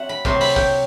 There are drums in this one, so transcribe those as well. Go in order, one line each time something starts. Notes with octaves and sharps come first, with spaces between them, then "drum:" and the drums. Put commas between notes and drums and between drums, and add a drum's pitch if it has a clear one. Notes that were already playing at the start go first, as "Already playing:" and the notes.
Already playing: F#3 C4 E5 F#5
B5
C3 F#3 C4 C6, drum: kick
B5, drum: open hi-hat
G5, drum: kick